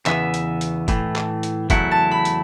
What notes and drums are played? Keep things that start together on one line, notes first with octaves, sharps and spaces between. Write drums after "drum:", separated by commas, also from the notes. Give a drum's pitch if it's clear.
E2 C#3 E3 B3 E5, drum: clap
drum: hi-hat
drum: hi-hat
A2 E3 A3, drum: kick, hi-hat
drum: clap
drum: hi-hat
E2 C#3 F#3 A3 E4 F#5, drum: kick, hi-hat
A5
B5
drum: hi-hat